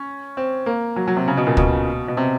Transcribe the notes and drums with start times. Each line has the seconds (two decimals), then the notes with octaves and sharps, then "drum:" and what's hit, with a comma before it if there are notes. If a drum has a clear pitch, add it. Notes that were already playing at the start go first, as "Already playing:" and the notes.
Already playing: C#4
0.37 C4
0.66 A#3
0.96 F#3
1.08 F#3
1.16 C3
1.28 C#3
1.37 B2
1.47 A#2
1.57 B2, drum: kick
2.08 B2
2.17 C3